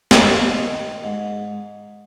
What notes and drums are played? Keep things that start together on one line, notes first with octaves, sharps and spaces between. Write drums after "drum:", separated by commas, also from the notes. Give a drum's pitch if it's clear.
G2 D#4, drum: snare
D#3
G#2